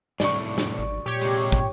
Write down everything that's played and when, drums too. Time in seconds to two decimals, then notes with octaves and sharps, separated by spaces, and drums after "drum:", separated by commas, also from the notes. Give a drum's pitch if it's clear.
0.20 C2 A2 D5 C#6, drum: snare
0.58 drum: snare
0.78 G#1
1.06 A#2 G4 C#5
1.22 C3 G#3
1.52 drum: kick